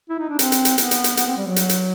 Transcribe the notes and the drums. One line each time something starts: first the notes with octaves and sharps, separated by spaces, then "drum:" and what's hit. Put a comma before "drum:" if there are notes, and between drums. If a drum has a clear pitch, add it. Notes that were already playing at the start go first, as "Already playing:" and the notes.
E4
D#4
D4
C4, drum: hi-hat
drum: hi-hat
drum: hi-hat
B3, drum: hi-hat
drum: hi-hat
drum: hi-hat
B3, drum: hi-hat
C4
G3
F#3
drum: hi-hat
drum: hi-hat